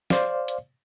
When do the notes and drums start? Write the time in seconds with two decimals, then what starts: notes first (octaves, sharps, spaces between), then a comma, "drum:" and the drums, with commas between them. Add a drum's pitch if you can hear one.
0.10 C5 D5 F5, drum: snare
0.48 drum: hi-hat